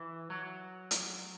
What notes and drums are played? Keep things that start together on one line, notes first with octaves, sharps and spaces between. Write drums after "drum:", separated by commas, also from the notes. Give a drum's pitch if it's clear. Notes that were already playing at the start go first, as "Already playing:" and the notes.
Already playing: E3
F#3
drum: hi-hat